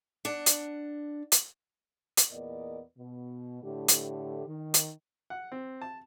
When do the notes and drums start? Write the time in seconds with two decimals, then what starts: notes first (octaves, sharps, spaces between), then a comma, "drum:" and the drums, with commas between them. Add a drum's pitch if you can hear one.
0.25 D4 F#5
0.46 drum: hi-hat
1.32 drum: hi-hat
2.17 drum: hi-hat
2.31 E2 A#2 B3 A#4 D5 D#5
2.98 B2
3.63 A2 D3 G4
3.88 drum: hi-hat
4.47 D#3
4.74 drum: hi-hat
5.30 F#5
5.52 C4
5.82 A5